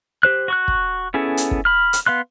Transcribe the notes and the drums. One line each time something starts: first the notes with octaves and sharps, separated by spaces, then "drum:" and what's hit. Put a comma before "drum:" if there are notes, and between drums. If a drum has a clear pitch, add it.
G4 C5 F#6
F#4 C#6 F#6
drum: kick
B3 C#4 E4 G#4 A4
drum: hi-hat
drum: kick
B5 F6
drum: hi-hat
B3 F5 C6 F#6